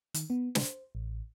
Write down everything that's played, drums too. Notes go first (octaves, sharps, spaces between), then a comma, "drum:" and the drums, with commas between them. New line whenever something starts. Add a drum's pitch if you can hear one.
D#3, drum: hi-hat
B3
C5, drum: snare
A1